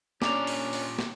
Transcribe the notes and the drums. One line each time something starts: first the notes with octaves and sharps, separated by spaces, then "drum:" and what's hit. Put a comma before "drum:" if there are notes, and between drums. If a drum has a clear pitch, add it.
A#2 C#4 D4 G4 D5 A#5 D6 F7, drum: snare
drum: open hi-hat
drum: open hi-hat
drum: snare